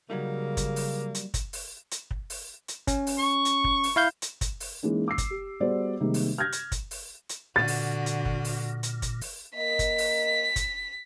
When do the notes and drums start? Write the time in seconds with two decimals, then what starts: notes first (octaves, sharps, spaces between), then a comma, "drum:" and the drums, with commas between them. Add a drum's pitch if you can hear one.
0.10 C#3 F#3 G3 A#3 D#4
0.57 drum: kick, hi-hat
0.76 drum: open hi-hat
1.15 drum: hi-hat
1.34 drum: kick, hi-hat
1.53 drum: open hi-hat
1.91 drum: hi-hat
2.11 drum: kick
2.30 drum: open hi-hat
2.68 drum: hi-hat
2.87 C#4, drum: kick, hi-hat
3.07 drum: open hi-hat
3.19 C#6
3.45 drum: hi-hat
3.64 drum: kick
3.83 drum: open hi-hat
3.96 E4 F5 G6
4.22 drum: hi-hat
4.41 drum: kick, hi-hat
4.60 drum: open hi-hat
4.83 E3 G#3 A#3 C#4 D#4
5.08 D6 E6 C7
5.18 drum: kick, hi-hat
5.30 G4
5.60 G3 B3 F#4 G#4 C5 D5
6.00 C3 D#3 G3 G#3 A#3
6.14 drum: open hi-hat
6.38 F6 G6 G#6 A#6
6.52 drum: hi-hat
6.72 drum: kick, hi-hat
6.91 drum: open hi-hat
7.29 drum: hi-hat
7.56 A#2 D3 F#4 A6
7.68 drum: open hi-hat
8.06 drum: hi-hat
8.25 drum: kick
8.45 drum: open hi-hat
8.83 drum: hi-hat
9.02 drum: kick, hi-hat
9.21 drum: open hi-hat
9.55 A#3 A#4 D#5 B6
9.79 drum: kick, hi-hat
9.98 drum: open hi-hat
10.56 drum: kick, hi-hat